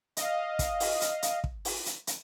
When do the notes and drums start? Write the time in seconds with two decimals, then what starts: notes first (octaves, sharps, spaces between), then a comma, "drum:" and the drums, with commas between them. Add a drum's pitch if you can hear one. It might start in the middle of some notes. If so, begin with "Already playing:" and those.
0.17 D#5 F5, drum: hi-hat
0.59 drum: kick, hi-hat
0.80 drum: open hi-hat
1.01 drum: hi-hat
1.23 drum: hi-hat
1.44 drum: kick
1.65 drum: open hi-hat
1.86 drum: hi-hat
2.07 drum: hi-hat